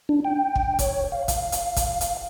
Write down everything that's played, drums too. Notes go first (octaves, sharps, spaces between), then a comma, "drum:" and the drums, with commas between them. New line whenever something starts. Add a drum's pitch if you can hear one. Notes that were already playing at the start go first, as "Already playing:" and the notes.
D4
G5
drum: kick
C#5, drum: kick, hi-hat
F5
F5, drum: kick, hi-hat
drum: hi-hat
drum: kick, hi-hat
drum: hi-hat